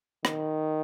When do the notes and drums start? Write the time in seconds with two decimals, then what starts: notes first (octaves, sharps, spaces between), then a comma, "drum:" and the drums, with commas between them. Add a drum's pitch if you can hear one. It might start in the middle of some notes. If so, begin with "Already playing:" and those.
0.25 D#3, drum: rim click